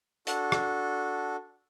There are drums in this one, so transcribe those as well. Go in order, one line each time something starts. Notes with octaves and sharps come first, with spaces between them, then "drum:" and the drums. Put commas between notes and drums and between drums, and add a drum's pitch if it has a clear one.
D4 F#4 A4, drum: hi-hat
drum: rim click